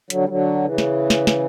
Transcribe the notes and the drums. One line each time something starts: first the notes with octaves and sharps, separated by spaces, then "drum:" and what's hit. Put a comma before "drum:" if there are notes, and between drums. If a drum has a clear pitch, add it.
D3 F#3, drum: hi-hat
G3
D3 F#3
C#3 E3
drum: snare
drum: snare
drum: snare